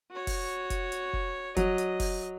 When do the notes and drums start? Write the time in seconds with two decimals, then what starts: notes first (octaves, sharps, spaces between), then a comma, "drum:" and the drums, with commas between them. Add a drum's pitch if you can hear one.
0.11 F#4 C#5
0.27 drum: kick, open hi-hat
0.70 drum: kick, hi-hat
0.92 drum: hi-hat
1.13 drum: kick
1.57 F#3 D#5, drum: kick, hi-hat
1.78 drum: hi-hat
2.00 drum: kick, open hi-hat